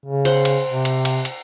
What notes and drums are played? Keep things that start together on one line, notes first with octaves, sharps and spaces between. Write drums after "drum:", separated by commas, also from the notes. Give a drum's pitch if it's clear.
C#3
C5 F#5, drum: cymbal
drum: cymbal
C3
drum: cymbal
drum: cymbal
drum: cymbal